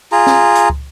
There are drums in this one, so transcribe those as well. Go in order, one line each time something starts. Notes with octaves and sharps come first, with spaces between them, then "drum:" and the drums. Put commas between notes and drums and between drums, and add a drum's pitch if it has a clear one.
F4 G#4 A#5
drum: snare
drum: hi-hat
drum: kick